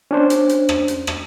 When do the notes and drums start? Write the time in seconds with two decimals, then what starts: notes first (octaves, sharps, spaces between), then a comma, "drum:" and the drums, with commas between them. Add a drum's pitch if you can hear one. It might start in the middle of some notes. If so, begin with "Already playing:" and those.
0.11 C#4 D4 C5
0.30 drum: hi-hat
0.49 drum: hi-hat
0.69 drum: rim click
0.88 drum: hi-hat
1.07 drum: rim click